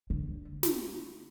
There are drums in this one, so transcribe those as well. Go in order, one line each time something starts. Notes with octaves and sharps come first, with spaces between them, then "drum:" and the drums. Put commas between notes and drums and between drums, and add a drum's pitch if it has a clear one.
D3
drum: snare